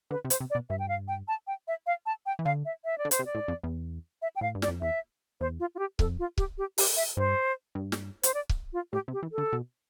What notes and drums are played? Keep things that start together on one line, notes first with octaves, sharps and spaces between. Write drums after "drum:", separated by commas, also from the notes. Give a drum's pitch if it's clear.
D3 B4
C3
C5, drum: hi-hat
C3
D5
B2
G2 E5
G5
F5
G5
A5
G5
E5
F5
A5
G5
E3
D3 F5
E5
E5
D5
D3
C5, drum: hi-hat
C3
D5
A2
F2
E2
E5
G5
A2 F5
G2
D5, drum: snare
F2
E2 E5
E2 C5
F4
F4
G4
F2 A4, drum: kick C#1
F4
G4, drum: kick C#1
G4
G4, drum: open hi-hat
E5
G2 C5
G2
drum: snare
C5, drum: hi-hat
D5
drum: kick C#1
F4
A2 G4
C3
G4
E3
A4
D3
B2